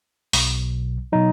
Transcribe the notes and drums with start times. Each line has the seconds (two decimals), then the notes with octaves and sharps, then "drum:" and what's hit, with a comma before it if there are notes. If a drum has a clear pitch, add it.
0.33 B1 B2 F#3, drum: open hi-hat
1.12 B2 F#3 D#4